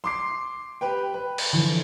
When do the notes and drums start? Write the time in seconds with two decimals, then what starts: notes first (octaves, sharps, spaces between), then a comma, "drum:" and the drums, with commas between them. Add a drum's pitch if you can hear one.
0.04 C6 D6 C7
0.81 G4 B4 G5
1.14 B4
1.38 drum: cymbal
1.53 D3 E3 F3